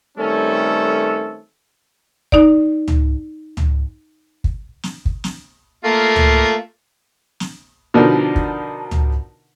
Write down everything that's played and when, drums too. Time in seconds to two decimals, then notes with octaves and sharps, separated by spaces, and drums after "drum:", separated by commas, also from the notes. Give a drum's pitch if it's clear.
0.18 D#3 G3 A3 C4 C#4 A4
2.32 D#4 D5, drum: kick
2.88 drum: tom C#2
3.57 drum: tom C#2
4.44 drum: kick
4.83 drum: snare
5.05 drum: kick
5.24 drum: snare
5.84 A3 A#3 F4
6.16 drum: tom C#2
7.40 drum: snare
7.94 B2 D3 F3 D#4 A#4
8.36 drum: kick
8.91 drum: tom C#2